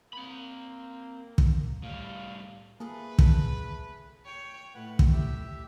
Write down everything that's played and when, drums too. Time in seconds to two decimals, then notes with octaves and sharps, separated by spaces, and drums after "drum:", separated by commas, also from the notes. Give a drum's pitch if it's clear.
0.13 A#3 C4 B5
1.38 drum: kick
1.83 A2 G3 F5
2.80 A3 A#3 G#4 B4
3.19 drum: kick
4.26 C#5 G5
4.75 A2 B4 F#5
4.99 drum: kick
5.12 G4 E5